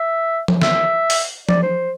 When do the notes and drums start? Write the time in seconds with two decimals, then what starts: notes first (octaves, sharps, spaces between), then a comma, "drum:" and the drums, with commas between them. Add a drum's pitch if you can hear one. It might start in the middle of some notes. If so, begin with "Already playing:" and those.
Already playing: E5
0.48 drum: tom F3
0.62 E5, drum: snare
1.10 drum: open hi-hat
1.49 D5, drum: tom F3
1.62 C5